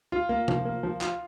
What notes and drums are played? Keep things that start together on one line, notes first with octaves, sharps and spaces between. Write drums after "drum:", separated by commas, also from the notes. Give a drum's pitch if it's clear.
F4
A#3
F3, drum: tom C3
A#3
F3
F4, drum: clap